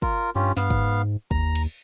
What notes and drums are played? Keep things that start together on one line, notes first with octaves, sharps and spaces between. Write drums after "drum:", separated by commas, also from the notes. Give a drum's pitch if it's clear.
F4 A#4, drum: kick
G2 C#4 F4 G4
G2 B3 F5, drum: snare
G#2, drum: kick
D#2 A#5, drum: kick
drum: cymbal